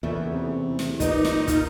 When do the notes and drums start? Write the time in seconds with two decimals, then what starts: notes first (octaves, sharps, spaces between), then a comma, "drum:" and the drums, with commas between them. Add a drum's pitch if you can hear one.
0.03 E2 A#2 C#3 A3 E4
0.32 C3
0.79 drum: snare
1.00 A#2 D#4 G4 B4 D#5, drum: kick, hi-hat
1.25 drum: snare
1.47 F4 A#4, drum: kick, hi-hat